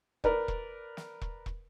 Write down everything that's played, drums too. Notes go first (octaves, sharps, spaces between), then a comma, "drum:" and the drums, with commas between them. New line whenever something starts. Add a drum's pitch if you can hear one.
A#4 B4 D5, drum: kick E1
drum: kick E1
drum: snare
drum: kick E1
drum: kick E1